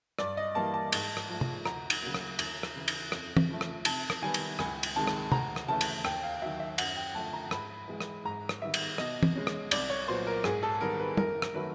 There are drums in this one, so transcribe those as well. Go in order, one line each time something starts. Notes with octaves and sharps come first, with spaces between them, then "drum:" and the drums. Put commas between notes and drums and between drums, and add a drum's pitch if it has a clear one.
G2 D5, drum: rim click
D#5
E3 G3 A#3 A5
A5
G#2, drum: cymbal
drum: rim click
F3 A3
drum: tom
D2 A#5, drum: rim click
drum: cymbal
C#3 F#3 A#3
drum: rim click
D#2, drum: cymbal
drum: rim click
C#3 E3
drum: cymbal
F2, drum: rim click
drum: tom
C#3 F3 A3
drum: rim click
C3 A5, drum: cymbal
drum: rim click
D#3 G3 B3 G#5
drum: cymbal
C#2 G#5, drum: rim click
drum: cymbal
C3 D#3 G#3 A5
drum: rim click
D2 A#5, drum: tom
drum: rim click
C#3 E3 A3 A5
drum: cymbal
D#2 G5, drum: rim click
F5
D#3 F#3 E5
E5
F#2 F#5, drum: cymbal
G5
D3 F3 A3 A5
A#5
G#2 B5, drum: rim click
E3 G#3
drum: rim click
G#2 A#5
drum: rim click
D#3 G3 B3 E5
drum: cymbal
B2 D#5, drum: rim click
drum: tom
G#3 C#4
drum: rim click
C2 D5, drum: cymbal
C#5
A#2 F#3 B3 C5
A#4
G#2 G#4, drum: rim click
A4
D#3 G3 B3 A#4
B4
F#2 A#4, drum: tom
drum: rim click
D#3 F#3 A3 B4